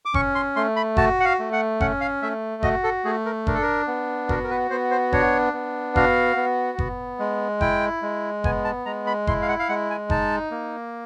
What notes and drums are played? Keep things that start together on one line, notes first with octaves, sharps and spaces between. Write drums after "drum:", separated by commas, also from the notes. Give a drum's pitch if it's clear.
D6
C#4 C#6, drum: kick F#1
C6
A3 C6
B5
F#4 A5, drum: kick F#1
F#5
F5
A3
F#5
C#4 F#5, drum: kick F#1
F5
A3 E5
F#4 D#5, drum: kick F#1
A4
A3 G#4
A#4
D4 A#4, drum: kick F#1
A4
A#4
B3
F#4 A#4, drum: kick F#1
A#4
B4
B3 C5
C5
D4 C#5, drum: kick F#1
B3
F#4 F5, drum: kick F#1
B3
B3, drum: kick F#1
G#3
E4 G5, drum: kick F#1
G#3
B3 G#5, drum: kick F#1
A5
G#3 A#5
B5
E4 C6, drum: kick F#1
F5
F#5
F5
G#3 F#5
G#5
D#4 A5, drum: kick F#1
A#3